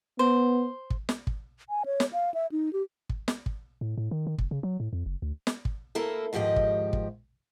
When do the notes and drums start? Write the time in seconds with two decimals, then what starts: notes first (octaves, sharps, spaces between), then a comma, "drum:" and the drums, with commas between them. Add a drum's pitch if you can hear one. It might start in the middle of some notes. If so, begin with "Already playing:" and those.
0.19 B3 C5
0.90 drum: kick
1.09 drum: snare
1.27 drum: kick
1.69 G#5
1.86 C#5
2.00 drum: snare
2.13 F5
2.34 E5
2.52 D#4
2.73 G4
3.09 drum: kick
3.28 drum: snare
3.46 drum: kick
3.81 A2
3.97 A2
4.11 D#3
4.27 D#3
4.38 F1, drum: kick
4.51 C#3
4.63 F#3
4.80 A2
4.93 F2
5.06 F#1
5.22 D2
5.47 drum: snare
5.65 drum: kick
5.95 D2 A#3 E4 A4 A#4
6.33 D#2 G#2 F3 G4 D#5
6.56 drum: kick
6.93 drum: kick